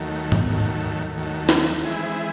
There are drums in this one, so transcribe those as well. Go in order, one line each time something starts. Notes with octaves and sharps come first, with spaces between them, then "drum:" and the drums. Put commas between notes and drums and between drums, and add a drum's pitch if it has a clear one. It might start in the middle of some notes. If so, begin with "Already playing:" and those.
Already playing: D#2 D#3 F#3 A3
drum: tom G#2
D#2 D#3 F#3 A3
D#2 D#3 F#3 A3
drum: snare
E3 G#3 C4 E4 G#4